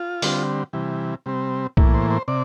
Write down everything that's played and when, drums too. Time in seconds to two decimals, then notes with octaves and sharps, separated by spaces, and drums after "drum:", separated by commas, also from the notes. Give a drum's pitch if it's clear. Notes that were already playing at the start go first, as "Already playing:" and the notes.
Already playing: F4
0.22 D3 G3 C4, drum: open hi-hat
0.73 C3 E3 G3
1.26 C3 G3 C4
1.77 A2 E3 A#3, drum: kick B1
1.94 C5
2.11 C5
2.28 C3 D5